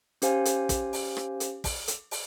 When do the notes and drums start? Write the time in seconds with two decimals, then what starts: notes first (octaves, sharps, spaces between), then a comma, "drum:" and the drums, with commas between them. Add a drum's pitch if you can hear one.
0.22 C#4 G4 C5 F5 G#5, drum: hi-hat
0.45 drum: hi-hat
0.69 drum: kick, hi-hat
0.93 drum: open hi-hat
1.17 drum: rim click
1.40 drum: hi-hat
1.64 drum: kick, open hi-hat
1.88 drum: hi-hat
2.11 drum: open hi-hat